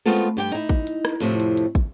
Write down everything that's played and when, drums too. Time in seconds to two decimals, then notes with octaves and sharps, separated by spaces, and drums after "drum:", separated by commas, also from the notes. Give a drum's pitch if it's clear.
0.06 G#3 A3 B3 C4 F4 A4
0.17 drum: hi-hat
0.37 G2 G4 G5
0.52 D#4 E4, drum: hi-hat
0.69 drum: kick
0.87 drum: hi-hat
1.05 drum: rim click
1.20 F2 A2 C3, drum: hi-hat
1.40 drum: hi-hat
1.57 drum: hi-hat
1.75 drum: kick, hi-hat